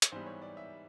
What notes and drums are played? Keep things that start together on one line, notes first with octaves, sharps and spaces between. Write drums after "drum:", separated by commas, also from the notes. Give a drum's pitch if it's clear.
drum: hi-hat
G#2 E3 G3 B3 C5
C#5
D5
E5